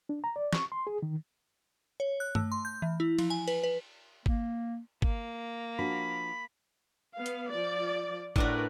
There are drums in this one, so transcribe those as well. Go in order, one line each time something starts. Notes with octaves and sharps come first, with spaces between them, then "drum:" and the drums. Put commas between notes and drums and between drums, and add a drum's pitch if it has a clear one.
D4
A#5
D5
C#6, drum: snare
C6
G#4
D#3
C#5
F#6
A3, drum: tom G2
C6
G6
E3
E4
F3, drum: cymbal
G#5
B4, drum: cymbal
B4
A#3, drum: kick
A#3, drum: kick
F3 D4 F#4 B5
B3 F5
drum: hi-hat
F3 D5
A2 D4 F#4 A#4 B4 D5, drum: kick